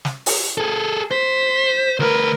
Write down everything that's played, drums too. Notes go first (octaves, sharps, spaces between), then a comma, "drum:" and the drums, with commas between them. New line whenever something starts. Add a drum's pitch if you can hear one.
drum: snare
drum: open hi-hat
G#4 A4
C5 B6
D2 A#4 B4